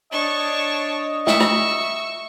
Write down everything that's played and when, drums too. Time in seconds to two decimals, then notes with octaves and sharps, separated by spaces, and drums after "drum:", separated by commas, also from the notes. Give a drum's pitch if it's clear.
0.12 D4 C#5 D#5 A5 C#6
1.27 E5 C#6 E6, drum: snare
1.40 drum: rim click